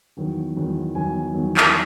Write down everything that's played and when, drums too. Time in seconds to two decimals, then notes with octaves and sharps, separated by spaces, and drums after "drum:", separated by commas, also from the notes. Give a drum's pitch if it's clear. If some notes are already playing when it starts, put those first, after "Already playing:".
0.17 E2 D#3 F#3 B3
0.56 E2 D#3 F#3 B3
0.95 E2 D#3 F#3 B3 G#5
1.34 E2 D#3 F#3 B3
1.57 drum: clap